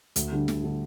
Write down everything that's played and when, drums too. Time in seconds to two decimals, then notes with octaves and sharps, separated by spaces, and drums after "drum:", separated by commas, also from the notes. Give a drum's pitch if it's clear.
0.16 D2, drum: hi-hat
0.32 D3 G3 D4
0.48 D2, drum: snare
0.64 D3 G3 D4